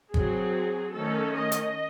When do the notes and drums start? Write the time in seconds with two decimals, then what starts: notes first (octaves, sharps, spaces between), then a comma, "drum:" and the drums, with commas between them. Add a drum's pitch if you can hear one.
0.14 F#3 C4 G#4, drum: kick
0.93 D#3 A3 C#4 A4
1.33 D#5
1.52 drum: hi-hat